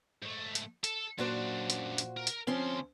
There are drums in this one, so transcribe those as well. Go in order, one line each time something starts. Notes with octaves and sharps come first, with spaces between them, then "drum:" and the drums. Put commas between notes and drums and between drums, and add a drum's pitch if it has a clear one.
G#2 A3
drum: hi-hat
A4, drum: hi-hat
F#2 A#2 D4 F#4 C5
drum: hi-hat
drum: hi-hat
A#4
drum: hi-hat
D2 F3 C4 C#4 C6